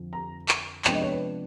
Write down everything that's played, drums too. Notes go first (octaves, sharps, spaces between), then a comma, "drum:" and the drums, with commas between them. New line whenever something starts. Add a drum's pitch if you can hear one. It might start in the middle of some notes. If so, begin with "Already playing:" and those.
Already playing: F2 D3 F3
A#5
drum: clap
C3 F3 G#3 B3 D4 G5, drum: clap
D#5
C#5
B4